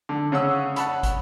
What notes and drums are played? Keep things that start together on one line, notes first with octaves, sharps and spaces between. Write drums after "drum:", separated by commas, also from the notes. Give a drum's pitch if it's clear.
D3
C#3 C#4 F#5 E6
F#5 A5 B5, drum: hi-hat
drum: kick, hi-hat